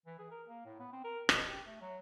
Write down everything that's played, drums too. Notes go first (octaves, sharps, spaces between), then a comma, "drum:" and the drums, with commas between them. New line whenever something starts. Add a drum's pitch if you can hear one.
E3
G#4
A#4
A#3
A2
B3
C4
A#4
B2, drum: rim click
G4
A3
F#3